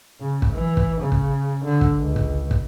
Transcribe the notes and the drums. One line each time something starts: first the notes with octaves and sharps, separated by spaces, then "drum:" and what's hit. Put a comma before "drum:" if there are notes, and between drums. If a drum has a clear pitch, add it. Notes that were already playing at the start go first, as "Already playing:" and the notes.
C#3
drum: kick
E3
drum: kick
C#3
drum: kick
D3
drum: kick
C#2
drum: kick
drum: kick